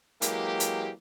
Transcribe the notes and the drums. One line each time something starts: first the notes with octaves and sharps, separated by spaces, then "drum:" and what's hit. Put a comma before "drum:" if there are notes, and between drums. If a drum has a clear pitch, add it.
E3 F#3 G#3 A#3 G4, drum: hi-hat
drum: hi-hat